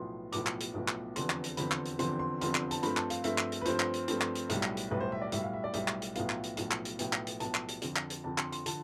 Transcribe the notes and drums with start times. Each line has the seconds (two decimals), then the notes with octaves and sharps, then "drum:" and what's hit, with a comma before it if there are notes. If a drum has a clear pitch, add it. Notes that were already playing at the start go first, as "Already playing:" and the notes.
Already playing: B1 A2 F3 B3 C6
0.32 B1 A2 F3 B3 D6, drum: hi-hat
0.46 drum: clap
0.60 drum: hi-hat
0.74 B1 A2 F3 B3
0.88 drum: clap
1.16 F1 E2 D3 F3 C4 C6, drum: hi-hat
1.30 drum: clap
1.44 drum: hi-hat
1.57 F1 E2 D3 F3 C4 B5, drum: hi-hat
1.71 drum: clap
1.85 drum: hi-hat
1.99 F1 E2 D3 F3 C4 C6, drum: hi-hat
2.19 C6
2.41 F1 E2 D3 F3 C4 C6, drum: hi-hat
2.55 drum: clap
2.71 A5, drum: hi-hat
2.83 G2 F3 A3 C4 B5, drum: hi-hat
2.97 A5, drum: clap
3.10 F5, drum: hi-hat
3.24 G2 F3 A3 C4 E5, drum: hi-hat
3.38 drum: clap
3.52 drum: hi-hat
3.61 B4
3.65 G2 F3 A3 C4 C5, drum: hi-hat
3.80 drum: clap
3.94 drum: hi-hat
4.08 G2 F3 A3 C4, drum: hi-hat
4.21 drum: clap
4.35 drum: hi-hat
4.50 B1 A2 G3, drum: hi-hat
4.63 drum: clap
4.77 drum: hi-hat
4.91 B1 A2 G3 B4
5.01 C5
5.12 E5
5.22 D5
5.32 B1 A2 G3 E5, drum: hi-hat
5.43 F5
5.53 E5
5.64 D5
5.73 B1 A2 G3 E5, drum: hi-hat
5.88 drum: clap
6.02 drum: hi-hat
6.15 B1 A2 F3 B3 F5, drum: hi-hat
6.30 drum: clap
6.43 drum: hi-hat
6.57 B1 A2 F3 B3, drum: hi-hat
6.71 drum: clap
6.85 drum: hi-hat
6.99 B1 A2 F3 B3 G5, drum: hi-hat
7.13 drum: clap
7.27 drum: hi-hat
7.40 B1 A2 F3 B3 A5, drum: hi-hat
7.55 drum: clap
7.68 drum: hi-hat
7.82 F2 D3 F3, drum: hi-hat
7.96 drum: clap
8.10 drum: hi-hat
8.24 F2 D3 F3 A5
8.38 C6, drum: clap
8.52 C6, drum: hi-hat
8.66 D3 F3 A5, drum: hi-hat